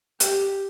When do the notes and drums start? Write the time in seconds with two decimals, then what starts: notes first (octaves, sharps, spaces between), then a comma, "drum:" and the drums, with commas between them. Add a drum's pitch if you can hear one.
0.20 G4, drum: hi-hat